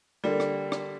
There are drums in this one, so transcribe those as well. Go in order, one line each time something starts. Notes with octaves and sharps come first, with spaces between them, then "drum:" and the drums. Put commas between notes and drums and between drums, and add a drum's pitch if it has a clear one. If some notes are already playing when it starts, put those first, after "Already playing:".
D3 G3 A#3
drum: rim click
drum: rim click